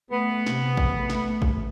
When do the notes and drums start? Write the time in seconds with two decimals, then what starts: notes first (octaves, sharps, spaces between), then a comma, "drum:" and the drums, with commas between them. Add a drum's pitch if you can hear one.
0.10 A3 B3
0.46 C3, drum: snare
0.77 drum: kick A1
0.94 A3
1.10 drum: snare
1.42 drum: kick A1